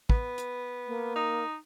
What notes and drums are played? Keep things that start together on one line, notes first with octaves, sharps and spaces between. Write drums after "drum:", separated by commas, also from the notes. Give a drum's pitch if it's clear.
B3, drum: kick
drum: hi-hat
A#3
D#4